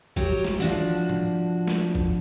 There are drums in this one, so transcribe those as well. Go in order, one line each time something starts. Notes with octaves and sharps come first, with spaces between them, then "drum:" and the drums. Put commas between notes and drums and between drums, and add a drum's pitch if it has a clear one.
F#3 G4 A#4, drum: kick
drum: snare
F3 D4 F#4
drum: tom E3
drum: tom
drum: snare
drum: kick